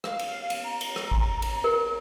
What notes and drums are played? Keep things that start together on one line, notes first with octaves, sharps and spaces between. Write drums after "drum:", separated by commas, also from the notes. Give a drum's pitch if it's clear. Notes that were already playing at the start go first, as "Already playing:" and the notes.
F5, drum: rim click
drum: cymbal
drum: cymbal
A#5
drum: cymbal
drum: rim click
drum: kick A1
drum: cymbal
A#4